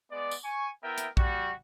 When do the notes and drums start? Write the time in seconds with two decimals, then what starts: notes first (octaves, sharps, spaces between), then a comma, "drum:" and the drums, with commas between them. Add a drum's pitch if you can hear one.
0.11 G#3 B3 D5
0.31 drum: tambourine
0.44 G#5 C#6
0.82 B3 E4 A#4 E5 G5
0.98 drum: hi-hat
1.17 G3 F#4, drum: kick A#1